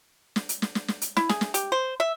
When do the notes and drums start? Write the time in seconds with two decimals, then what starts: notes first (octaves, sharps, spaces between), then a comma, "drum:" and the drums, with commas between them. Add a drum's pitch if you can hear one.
0.36 drum: snare
0.49 drum: hi-hat
0.62 drum: snare
0.75 drum: snare
0.88 drum: snare
1.02 drum: hi-hat
1.17 E4, drum: snare
1.29 G#4, drum: snare
1.41 drum: snare
1.54 G4, drum: hi-hat
1.72 C5
2.00 E5